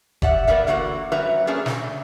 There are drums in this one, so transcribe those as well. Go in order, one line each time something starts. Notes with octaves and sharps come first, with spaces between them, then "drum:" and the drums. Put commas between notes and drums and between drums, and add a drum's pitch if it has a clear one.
G4 D5 E5 F#5, drum: kick F1
A#3 B3 A#4 B4 D5 E5
D3 E3 A#3 F#4 F#5
F#2 F#3 G3 B4 E5 A#5
A3 A#3 C#4 D4 G#4 A4
C#3 E3, drum: snare